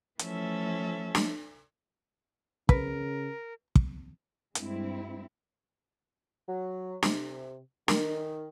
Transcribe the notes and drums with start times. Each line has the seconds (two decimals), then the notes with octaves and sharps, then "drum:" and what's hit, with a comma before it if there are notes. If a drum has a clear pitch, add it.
0.19 E3 F3 A3 C#4 A4 E5, drum: hi-hat
1.15 drum: snare
2.69 C#3 A#4 B4, drum: kick
3.75 drum: kick
4.55 G2 G#3 C4 E4, drum: hi-hat
6.49 F#3
7.03 C3, drum: snare
7.88 D#3, drum: snare